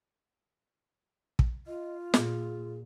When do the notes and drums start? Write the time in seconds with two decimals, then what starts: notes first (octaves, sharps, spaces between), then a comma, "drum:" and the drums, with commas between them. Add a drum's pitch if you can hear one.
1.39 drum: kick
1.67 F4 D#5
2.14 A#2 G#4, drum: snare